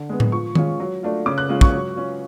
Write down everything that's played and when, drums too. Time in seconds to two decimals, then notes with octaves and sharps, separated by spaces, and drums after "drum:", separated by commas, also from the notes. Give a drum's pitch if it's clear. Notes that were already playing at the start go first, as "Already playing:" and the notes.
Already playing: D3
0.09 G#3 B3
0.20 drum: tom A2
0.32 F3 C#6
0.55 G#3 C#4 F4, drum: tom D#3
0.80 F#3
1.03 A3 D4 F4
1.26 C#3 D6
1.38 F#6
1.49 G#3 C#4 F4
1.61 C#6, drum: kick
1.73 F#3
1.96 C#4 F4